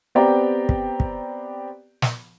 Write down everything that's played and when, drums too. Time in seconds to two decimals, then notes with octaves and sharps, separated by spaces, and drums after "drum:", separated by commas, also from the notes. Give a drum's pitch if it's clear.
0.15 B3 C4 G4 D5 G5 A#5
0.69 drum: kick
1.00 drum: kick
2.02 drum: snare